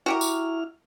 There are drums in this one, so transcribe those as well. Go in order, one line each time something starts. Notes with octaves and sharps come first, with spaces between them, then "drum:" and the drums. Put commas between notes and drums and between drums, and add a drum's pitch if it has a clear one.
E4 F#4 G4 A#4 F6
drum: tambourine